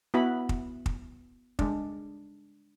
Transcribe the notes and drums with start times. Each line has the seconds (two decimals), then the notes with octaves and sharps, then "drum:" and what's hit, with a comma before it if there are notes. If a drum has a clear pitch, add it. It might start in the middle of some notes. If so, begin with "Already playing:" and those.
0.14 B3 E4 F#4 B5
0.49 drum: kick
0.86 drum: kick
1.59 G#3 D4, drum: kick